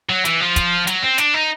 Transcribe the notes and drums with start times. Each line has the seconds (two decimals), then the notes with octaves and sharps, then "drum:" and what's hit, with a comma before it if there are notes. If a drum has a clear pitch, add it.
0.09 F#3
0.25 E3, drum: hi-hat
0.40 F3
0.56 drum: kick, hi-hat
0.87 F#3, drum: hi-hat
1.03 C4
1.18 D4, drum: hi-hat
1.34 D#4